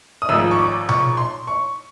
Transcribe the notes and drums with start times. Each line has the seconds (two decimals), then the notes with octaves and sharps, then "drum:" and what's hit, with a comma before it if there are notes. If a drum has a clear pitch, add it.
0.22 D#6
0.29 G#1 G#2 F3 E6
0.51 C#6
0.59 D6
0.89 C#6, drum: tom B2
1.17 C6
1.47 C#6